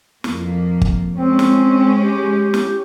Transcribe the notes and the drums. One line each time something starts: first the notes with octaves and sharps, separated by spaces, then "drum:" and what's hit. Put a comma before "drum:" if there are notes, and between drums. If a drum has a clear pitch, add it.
F2 A#3, drum: snare
drum: kick G1
G#3 C4 C#4
drum: snare
G4
drum: snare